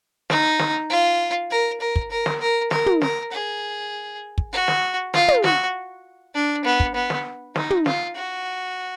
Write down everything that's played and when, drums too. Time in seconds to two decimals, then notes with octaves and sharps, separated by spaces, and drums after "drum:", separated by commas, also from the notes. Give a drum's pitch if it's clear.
0.30 D#4, drum: snare
0.59 drum: snare
0.90 F4
1.51 A#4
1.81 A#4
1.96 drum: kick
2.11 A#4
2.26 drum: snare
2.41 A#4
2.71 A#4, drum: snare
2.86 drum: tom
3.02 A#4, drum: snare
3.32 G#4
4.38 drum: kick
4.52 F#4
4.68 drum: snare
5.14 F4, drum: snare
5.28 drum: tom
5.44 F#4, drum: snare
6.34 D4
6.65 B3
6.80 drum: kick
6.95 B3
7.10 drum: snare
7.56 D#4, drum: snare
7.70 drum: tom
7.86 F4, drum: snare
8.16 F#4